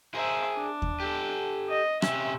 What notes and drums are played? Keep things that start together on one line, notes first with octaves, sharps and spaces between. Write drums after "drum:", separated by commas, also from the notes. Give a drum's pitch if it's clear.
G#4 A#4 C5 E5
D4
drum: kick D#2
G4 A4
D#5
C3 C#4 E5, drum: rim click